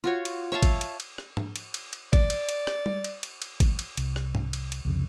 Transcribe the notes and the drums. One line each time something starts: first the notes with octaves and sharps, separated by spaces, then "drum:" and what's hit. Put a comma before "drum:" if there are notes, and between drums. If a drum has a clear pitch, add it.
F4 F#4 C#5
drum: cymbal
C#5 E5 F5 A5
drum: kick, cymbal
drum: cymbal
drum: cymbal
drum: rim click
drum: tom G#2
drum: cymbal
drum: cymbal
drum: cymbal
D5, drum: kick, cymbal
drum: cymbal
drum: cymbal
drum: rim click
drum: tom G3
drum: cymbal
drum: cymbal
drum: cymbal
drum: kick, cymbal
drum: cymbal
C2, drum: cymbal
drum: rim click
drum: tom G#2
drum: cymbal
drum: cymbal
C2 F2 C#3